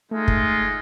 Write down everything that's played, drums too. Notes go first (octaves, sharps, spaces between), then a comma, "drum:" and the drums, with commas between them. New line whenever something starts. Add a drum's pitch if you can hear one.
G#3 A3 D#4 F4
drum: kick